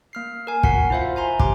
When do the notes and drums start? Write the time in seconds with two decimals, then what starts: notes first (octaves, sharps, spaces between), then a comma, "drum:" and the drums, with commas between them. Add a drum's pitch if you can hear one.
0.13 A#3 F6 C7
0.47 A#4 G#5
0.63 F#4 F#5 B6 C7, drum: kick
0.90 E4 F4 C5 E5 F5
1.16 G#5 A#5 C6
1.40 G4 C6 D6, drum: kick